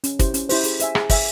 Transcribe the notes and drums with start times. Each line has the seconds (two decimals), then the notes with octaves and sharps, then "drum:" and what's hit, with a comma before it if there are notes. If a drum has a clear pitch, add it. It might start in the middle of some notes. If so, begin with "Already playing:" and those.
0.04 C#4, drum: hi-hat
0.19 E4 G4 C5, drum: kick, hi-hat
0.34 C#4, drum: hi-hat
0.49 E4 G4 C5, drum: open hi-hat
0.64 G#4, drum: hi-hat
0.80 C5 E5 G#5, drum: hi-hat
0.95 G#4, drum: rim click
1.10 C5 E5 G#5, drum: kick, open hi-hat